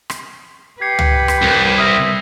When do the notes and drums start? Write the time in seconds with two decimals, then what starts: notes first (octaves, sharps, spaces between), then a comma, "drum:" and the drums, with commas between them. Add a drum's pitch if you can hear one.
0.10 drum: rim click
0.81 G4 B4 G#6 C7 C#7
0.99 drum: tom
1.28 drum: rim click
1.43 C2
1.78 E5 D#6 F6 A#6